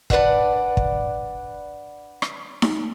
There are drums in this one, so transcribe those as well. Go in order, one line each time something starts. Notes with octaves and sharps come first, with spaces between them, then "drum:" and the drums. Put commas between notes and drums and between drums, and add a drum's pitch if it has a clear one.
D4 B4 C#5 D5 F#5, drum: kick
drum: kick
drum: rim click
drum: snare D#4